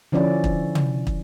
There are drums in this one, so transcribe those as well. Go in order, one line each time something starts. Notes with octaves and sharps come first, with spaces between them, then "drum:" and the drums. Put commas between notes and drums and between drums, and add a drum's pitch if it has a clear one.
D3 F3 C#4 E4 D5
drum: kick
drum: tom
drum: kick